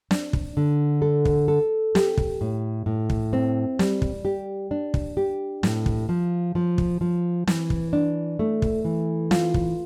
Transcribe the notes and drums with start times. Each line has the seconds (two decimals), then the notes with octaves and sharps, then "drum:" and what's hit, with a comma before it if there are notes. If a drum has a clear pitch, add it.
0.11 D4, drum: snare
0.33 drum: kick
0.57 D3
1.02 A4
1.25 drum: kick
1.48 A4
1.95 G4, drum: snare
2.17 drum: kick
2.41 A2
2.86 A2
3.10 drum: kick
3.33 C4
3.79 G3, drum: snare
4.02 drum: kick
4.25 G4
4.71 D4
4.94 drum: kick
5.17 G4
5.63 A2, drum: snare
5.86 drum: kick
6.09 F3
6.55 F3
6.78 drum: kick
7.01 F3
7.47 E3, drum: snare
7.70 drum: kick
7.93 D4
8.39 A3
8.62 drum: kick
8.85 E3
9.31 F4, drum: snare
9.54 drum: kick